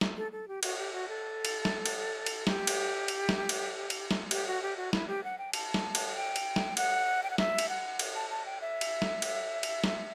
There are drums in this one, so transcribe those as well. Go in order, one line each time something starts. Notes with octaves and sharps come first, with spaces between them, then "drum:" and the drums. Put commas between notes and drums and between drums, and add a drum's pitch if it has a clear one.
drum: snare
A4
A4
G4
F#4, drum: cymbal
G4
F#4
A4
drum: cymbal
drum: snare
drum: cymbal
drum: cymbal
G4, drum: snare
drum: cymbal
drum: cymbal
drum: snare
drum: cymbal
drum: cymbal
drum: snare
G4, drum: cymbal
F#4
G4
F#4
E4, drum: snare
G4
F#5
G5
A5, drum: cymbal
drum: snare
drum: cymbal
G5
drum: cymbal
drum: snare
F#5, drum: cymbal
G5
F#5
E5, drum: snare
drum: cymbal
F#5
drum: cymbal
A5
A5
G5
E5
drum: cymbal
drum: snare
drum: cymbal
drum: cymbal
drum: snare